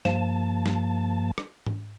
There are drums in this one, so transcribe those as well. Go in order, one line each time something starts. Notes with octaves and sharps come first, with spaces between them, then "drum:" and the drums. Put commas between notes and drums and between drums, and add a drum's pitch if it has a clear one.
G2 F3 A#3 A5, drum: snare
drum: snare
drum: rim click
drum: tom G#2